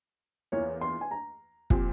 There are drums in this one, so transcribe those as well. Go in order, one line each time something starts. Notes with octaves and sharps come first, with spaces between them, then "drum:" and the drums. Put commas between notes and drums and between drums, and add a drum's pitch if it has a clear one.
E2 E3 A#3 F4 C#5
C6
G#5
A#5
A#2 F3 C4 G4, drum: kick